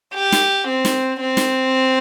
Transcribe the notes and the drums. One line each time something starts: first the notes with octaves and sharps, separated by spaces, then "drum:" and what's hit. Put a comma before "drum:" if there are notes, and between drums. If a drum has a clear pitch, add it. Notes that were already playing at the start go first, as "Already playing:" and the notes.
G4
drum: snare
C4
drum: snare
C4
drum: snare